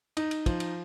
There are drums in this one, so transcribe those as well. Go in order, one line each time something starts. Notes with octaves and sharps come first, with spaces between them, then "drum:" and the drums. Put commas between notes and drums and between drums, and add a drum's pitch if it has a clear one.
D#4, drum: cymbal
drum: cymbal
F3, drum: kick, cymbal
drum: cymbal